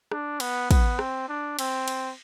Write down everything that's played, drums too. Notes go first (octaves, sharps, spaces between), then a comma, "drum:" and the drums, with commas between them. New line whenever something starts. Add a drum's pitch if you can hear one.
D4, drum: rim click
B3, drum: cymbal
B3, drum: kick, cymbal
C4, drum: rim click
D4
C4, drum: cymbal
drum: cymbal